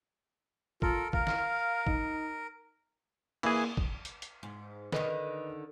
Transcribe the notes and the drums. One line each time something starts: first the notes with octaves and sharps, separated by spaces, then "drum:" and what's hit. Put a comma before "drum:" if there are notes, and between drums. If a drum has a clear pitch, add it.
F4 A4 A#4, drum: kick
A#4 F5, drum: kick
drum: snare
D#4, drum: kick
E3 A#3 G#4, drum: cymbal
drum: kick
drum: hi-hat
drum: hi-hat
G#2
D3 D#3 B4 D#5, drum: snare